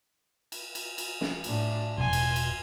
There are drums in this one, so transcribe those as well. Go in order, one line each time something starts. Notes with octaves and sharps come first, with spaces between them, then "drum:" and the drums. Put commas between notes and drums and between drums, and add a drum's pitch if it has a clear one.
drum: cymbal
drum: cymbal
drum: cymbal
drum: snare
A2 D4, drum: cymbal
E1 G#5 C6
drum: cymbal
drum: cymbal